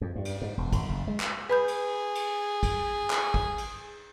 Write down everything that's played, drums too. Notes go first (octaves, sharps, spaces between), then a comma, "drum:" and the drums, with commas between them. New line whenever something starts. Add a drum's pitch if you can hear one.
F2
G2
drum: cymbal
G#2
E1
G#1, drum: kick, cymbal
F#1
G#3
drum: clap
G#4 B4 B5 G6
drum: cymbal
drum: cymbal
drum: kick, cymbal
drum: clap
drum: kick
drum: cymbal